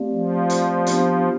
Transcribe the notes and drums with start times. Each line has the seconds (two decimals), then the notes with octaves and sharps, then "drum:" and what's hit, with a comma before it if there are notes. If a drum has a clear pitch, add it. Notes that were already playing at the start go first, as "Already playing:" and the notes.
Already playing: A3 C4 G4 D5 F5
0.13 F3
0.50 drum: hi-hat
0.87 B3 D4 G4, drum: hi-hat